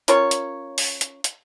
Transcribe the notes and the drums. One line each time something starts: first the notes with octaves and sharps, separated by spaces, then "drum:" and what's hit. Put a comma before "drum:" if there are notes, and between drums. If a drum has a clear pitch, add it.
C#4 F4 A#4 C#5, drum: hi-hat
drum: hi-hat
drum: open hi-hat
drum: hi-hat
drum: hi-hat